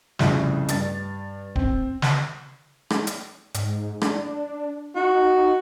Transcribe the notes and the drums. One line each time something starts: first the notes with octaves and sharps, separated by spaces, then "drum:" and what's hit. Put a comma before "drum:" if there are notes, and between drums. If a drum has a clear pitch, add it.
C2 F2 A2 C#3, drum: snare
G2 A6, drum: hi-hat
C4, drum: kick D1
drum: snare
drum: rim click
drum: hi-hat
G#2, drum: hi-hat
D4, drum: rim click
D#4 F#4